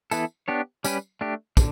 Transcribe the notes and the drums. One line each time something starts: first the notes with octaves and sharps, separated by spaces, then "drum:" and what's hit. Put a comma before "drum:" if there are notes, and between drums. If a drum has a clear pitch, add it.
E3 B3 E4 A4, drum: tambourine
B3 D4 G4 C#5
G3 C#4 G4 B4, drum: tambourine
A3 D4 G4
D3, drum: kick, tambourine